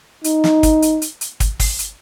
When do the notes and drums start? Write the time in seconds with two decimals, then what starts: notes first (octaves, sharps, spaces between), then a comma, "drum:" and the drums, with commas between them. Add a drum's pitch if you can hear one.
0.24 D#4, drum: hi-hat
0.44 drum: snare
0.63 drum: kick, hi-hat
0.82 drum: hi-hat
1.02 drum: hi-hat
1.21 drum: hi-hat
1.40 drum: kick, hi-hat
1.60 drum: kick, open hi-hat
1.79 drum: hi-hat